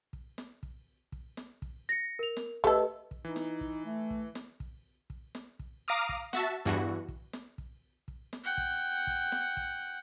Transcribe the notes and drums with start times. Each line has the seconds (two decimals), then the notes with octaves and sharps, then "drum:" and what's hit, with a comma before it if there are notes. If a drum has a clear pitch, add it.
0.13 drum: kick
0.38 drum: snare
0.63 drum: kick
1.12 drum: kick
1.37 drum: snare
1.62 drum: kick
1.89 A#6 C#7
2.19 A#4 F7
2.37 drum: snare
2.64 A3 G4 A4 B4 D#5, drum: kick
3.11 drum: kick
3.25 E3 D#4
3.36 drum: snare
3.61 drum: kick
3.86 A3
4.10 drum: kick
4.35 drum: snare
4.60 drum: kick
5.10 drum: kick
5.35 drum: snare
5.59 drum: kick
5.88 F5 A#5 D6 D#6 F6
6.09 drum: kick
6.33 F#4 E5 A5, drum: snare
6.65 E2 G2 E3 F#4
7.08 drum: kick
7.33 drum: snare
7.58 drum: kick
8.08 drum: kick
8.33 drum: snare
8.44 F#5 G5
8.57 drum: kick
9.07 drum: kick
9.32 drum: snare
9.57 drum: kick